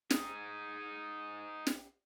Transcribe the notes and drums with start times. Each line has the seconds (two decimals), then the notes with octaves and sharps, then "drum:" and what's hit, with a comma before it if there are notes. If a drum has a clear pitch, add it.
0.10 D#4 G#4, drum: snare
1.67 drum: snare